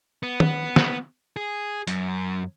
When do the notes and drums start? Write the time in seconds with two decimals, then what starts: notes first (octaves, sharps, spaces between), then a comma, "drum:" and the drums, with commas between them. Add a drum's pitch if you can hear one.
0.23 B3
0.40 drum: tom
0.76 drum: snare
1.36 G#4
1.87 F#2, drum: hi-hat